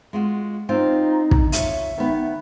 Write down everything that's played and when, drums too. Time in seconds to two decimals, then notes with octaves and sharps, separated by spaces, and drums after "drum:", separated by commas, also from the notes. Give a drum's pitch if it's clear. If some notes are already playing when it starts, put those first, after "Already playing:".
0.13 G#3 F4 F#4
0.69 C4 D#4 F4 G5
1.31 drum: kick
1.52 F4 C#5 E5, drum: hi-hat
1.98 D#3 B3